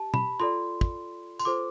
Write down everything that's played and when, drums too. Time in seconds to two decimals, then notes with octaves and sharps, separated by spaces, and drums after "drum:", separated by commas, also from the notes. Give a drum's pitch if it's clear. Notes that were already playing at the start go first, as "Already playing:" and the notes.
Already playing: G4 A5
0.14 B5, drum: tom B2
0.40 F4 A4 D5 C6
0.81 drum: kick
1.39 C6, drum: tambourine
1.45 F4 A4 C5 D6